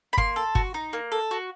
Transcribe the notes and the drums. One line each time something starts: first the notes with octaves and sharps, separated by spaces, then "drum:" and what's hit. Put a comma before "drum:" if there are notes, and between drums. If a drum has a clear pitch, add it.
B5
A#3 C6, drum: kick G1
A4
F#4, drum: kick G1
D#4
A#3
A4
F#4